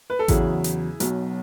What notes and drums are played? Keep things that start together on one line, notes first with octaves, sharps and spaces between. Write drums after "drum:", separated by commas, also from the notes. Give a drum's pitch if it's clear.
B4
A4
E2 C#3 F#3 E4 G#4, drum: kick A1, hi-hat
drum: hi-hat
B1 B2 F#3, drum: hi-hat